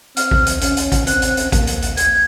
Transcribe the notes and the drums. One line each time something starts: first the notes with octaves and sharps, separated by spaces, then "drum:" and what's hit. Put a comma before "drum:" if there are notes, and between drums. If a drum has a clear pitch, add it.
C4 F6, drum: hi-hat
drum: kick A1
drum: hi-hat
C#4, drum: hi-hat
drum: hi-hat
drum: kick A1, hi-hat
C4 F#6, drum: hi-hat
drum: hi-hat
drum: hi-hat
A#3, drum: kick A1, hi-hat
drum: hi-hat
drum: hi-hat
G#6, drum: hi-hat